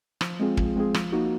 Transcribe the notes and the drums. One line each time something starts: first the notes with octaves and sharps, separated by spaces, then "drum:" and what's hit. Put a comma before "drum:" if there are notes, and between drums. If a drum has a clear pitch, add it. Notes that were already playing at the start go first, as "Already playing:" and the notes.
F3, drum: rim click
G#3 C4 F4 G#4
F3, drum: kick
G#3 C4 F4 G#4
F3, drum: rim click
A#3 D#4 F#4